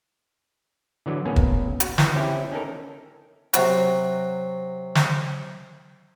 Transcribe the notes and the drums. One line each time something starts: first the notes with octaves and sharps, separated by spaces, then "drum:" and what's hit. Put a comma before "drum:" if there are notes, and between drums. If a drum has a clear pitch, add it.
D3 E3 F#3
A2 A#3 B3 C#4 G#4
drum: kick
F#4, drum: hi-hat
E3, drum: snare
C4 C#4 E4 G4
C#4 D#4 A4 A#4
C3 F#3 F#4, drum: hi-hat
drum: snare